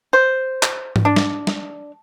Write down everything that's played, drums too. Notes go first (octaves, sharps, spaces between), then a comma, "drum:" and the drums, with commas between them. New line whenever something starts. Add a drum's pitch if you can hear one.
C5
drum: clap
drum: tom G#2
D4
drum: snare
drum: snare